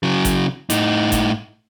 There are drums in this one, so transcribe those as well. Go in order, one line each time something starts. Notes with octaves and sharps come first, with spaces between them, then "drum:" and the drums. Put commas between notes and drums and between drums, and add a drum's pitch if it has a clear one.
C#3 F#3
drum: kick G1, hi-hat
A2 D#4, drum: hi-hat
drum: kick G1, hi-hat